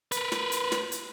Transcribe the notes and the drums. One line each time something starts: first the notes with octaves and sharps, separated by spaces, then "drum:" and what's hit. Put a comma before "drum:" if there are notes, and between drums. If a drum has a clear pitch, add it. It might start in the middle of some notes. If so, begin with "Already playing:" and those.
A#4 B4, drum: hi-hat
drum: snare
drum: hi-hat
drum: snare
drum: hi-hat